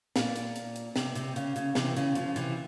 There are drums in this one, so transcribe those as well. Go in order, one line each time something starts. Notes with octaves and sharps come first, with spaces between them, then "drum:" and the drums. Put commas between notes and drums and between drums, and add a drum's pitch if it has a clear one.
A#2, drum: snare
drum: hi-hat
drum: hi-hat
drum: hi-hat
C3, drum: snare
C3, drum: hi-hat
C#3, drum: hi-hat
C#3, drum: hi-hat
C3 E3, drum: snare
C#3, drum: hi-hat
C#3 F3, drum: hi-hat
C3 E3, drum: hi-hat